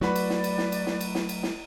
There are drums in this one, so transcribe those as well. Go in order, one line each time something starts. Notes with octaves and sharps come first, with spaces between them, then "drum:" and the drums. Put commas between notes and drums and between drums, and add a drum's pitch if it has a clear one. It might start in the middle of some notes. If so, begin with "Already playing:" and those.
F#3 A3 F#4 B4 D5 B5, drum: snare
drum: cymbal
drum: snare
drum: cymbal
drum: snare
drum: cymbal
drum: snare
drum: cymbal
drum: snare
drum: cymbal
drum: snare